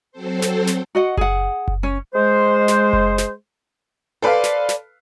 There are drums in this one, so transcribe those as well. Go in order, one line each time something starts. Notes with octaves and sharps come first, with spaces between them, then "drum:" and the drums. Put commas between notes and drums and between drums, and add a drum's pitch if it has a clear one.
F#3 C4 A4 C5
drum: snare
drum: snare
F#4 D#5 F#5
G#4 F#5, drum: kick F#1
drum: kick F#1
C#4
G#3 C5
drum: snare
drum: kick F#1
drum: snare
A4 B4 C5 D5 F5
drum: snare
drum: snare